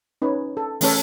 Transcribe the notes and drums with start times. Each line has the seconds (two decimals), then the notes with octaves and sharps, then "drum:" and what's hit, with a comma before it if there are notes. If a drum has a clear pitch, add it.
0.22 C#4 D#4 B4 C#5
0.57 A4
0.81 E3 A3 C#4 A4 C#5, drum: open hi-hat